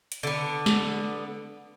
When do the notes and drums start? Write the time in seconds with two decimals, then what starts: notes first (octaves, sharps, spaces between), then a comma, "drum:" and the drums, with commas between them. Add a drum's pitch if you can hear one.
0.12 drum: hi-hat
0.23 D3 B3
0.66 drum: snare